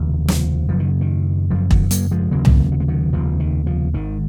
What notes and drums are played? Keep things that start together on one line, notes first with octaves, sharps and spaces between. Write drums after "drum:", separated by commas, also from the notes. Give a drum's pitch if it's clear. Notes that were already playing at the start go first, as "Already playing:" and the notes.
Already playing: F1 D#2 C#3
F3, drum: snare
F#1 F#2 C#3 F3
D#3
D#3
F#1 F#2 C#3 F3
D#3 F#3, drum: kick E1
F#3 A#3, drum: hi-hat
F3 G#3
F1 D#2 C#3 F#3 A#3
drum: tom C2
F#3
G#3
D#3 F#3
F1 D#2 C#3 F3
D#3
F3
G#1 G#2 D#3